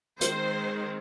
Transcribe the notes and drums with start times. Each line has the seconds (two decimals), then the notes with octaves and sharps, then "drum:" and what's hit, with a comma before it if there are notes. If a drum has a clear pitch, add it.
0.21 D#3 G#3 C4 C5, drum: hi-hat